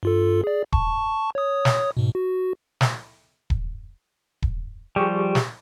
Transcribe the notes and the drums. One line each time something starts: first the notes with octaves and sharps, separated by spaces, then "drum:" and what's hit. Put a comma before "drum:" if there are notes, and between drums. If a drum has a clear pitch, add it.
G2 F4 A4
G#4 D5
A5 C#6, drum: kick D#1
C#5 D#6
drum: snare
G#2 B2
F#4
drum: snare
drum: kick D#1
drum: kick D#1
F3 G3 G4 G#4 C#6
drum: snare